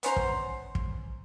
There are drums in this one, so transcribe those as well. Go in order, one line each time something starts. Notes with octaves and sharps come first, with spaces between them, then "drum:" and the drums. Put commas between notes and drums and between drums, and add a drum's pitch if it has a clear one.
B3 C#4 C5 A#5, drum: hi-hat
drum: kick
drum: kick